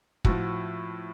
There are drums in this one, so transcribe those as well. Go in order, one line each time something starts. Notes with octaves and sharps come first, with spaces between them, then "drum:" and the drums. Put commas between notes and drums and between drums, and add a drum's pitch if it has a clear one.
A2 F3 F#4, drum: kick